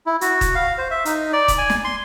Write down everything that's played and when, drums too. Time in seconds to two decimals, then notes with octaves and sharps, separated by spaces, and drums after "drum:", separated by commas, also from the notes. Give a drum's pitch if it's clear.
0.06 E4
0.21 F#4, drum: hi-hat
0.41 drum: kick, hi-hat
0.55 F5
0.78 C5
0.91 E5
1.05 D#4, drum: hi-hat
1.33 D5
1.48 drum: kick, hi-hat
1.58 G#5
1.70 drum: snare
1.84 C6